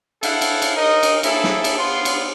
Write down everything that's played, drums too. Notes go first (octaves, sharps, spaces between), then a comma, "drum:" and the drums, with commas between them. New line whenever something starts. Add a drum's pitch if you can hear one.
E4 A4 F5 F#5, drum: cymbal
drum: cymbal
drum: cymbal
D#4 A#4 D#5
drum: cymbal
A#3 E4 G#4 A4 E5, drum: cymbal
drum: snare
drum: cymbal
B3 F4 C6
drum: cymbal